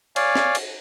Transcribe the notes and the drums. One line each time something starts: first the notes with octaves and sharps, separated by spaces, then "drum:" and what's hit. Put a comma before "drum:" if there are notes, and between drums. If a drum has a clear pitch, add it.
C#5 D5 F5 G#5, drum: cymbal
drum: snare
drum: cymbal